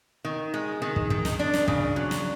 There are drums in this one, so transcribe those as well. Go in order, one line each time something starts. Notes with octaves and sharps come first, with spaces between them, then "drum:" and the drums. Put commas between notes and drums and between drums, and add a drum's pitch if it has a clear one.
D#3
G#3
D#3
drum: kick
D#3, drum: kick
drum: snare
D4
drum: snare
C#3, drum: kick
F#3
drum: snare